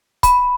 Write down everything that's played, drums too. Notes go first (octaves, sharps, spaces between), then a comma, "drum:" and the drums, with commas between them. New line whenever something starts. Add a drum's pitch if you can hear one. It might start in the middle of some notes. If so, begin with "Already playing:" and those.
B5, drum: kick C#1, hi-hat